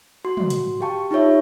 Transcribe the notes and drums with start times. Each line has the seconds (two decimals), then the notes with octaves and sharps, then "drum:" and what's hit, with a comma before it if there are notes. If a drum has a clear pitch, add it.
0.25 F#4 C6
0.37 drum: tom
0.50 drum: hi-hat
0.81 G4 F5 G5 A5 C#6
1.11 D#4 F4 G4 C#5 E5